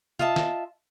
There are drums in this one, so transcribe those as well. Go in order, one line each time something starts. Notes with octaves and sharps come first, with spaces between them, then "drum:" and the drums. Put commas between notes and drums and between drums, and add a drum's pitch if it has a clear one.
F4 D#5 E5 A5, drum: tom C3
drum: snare